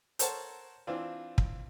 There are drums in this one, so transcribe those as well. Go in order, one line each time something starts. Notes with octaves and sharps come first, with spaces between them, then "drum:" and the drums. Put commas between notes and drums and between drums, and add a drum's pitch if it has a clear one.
A4 A#4 C5 C#5 F#5 A5, drum: hi-hat
E3 C4 D4 F4
drum: kick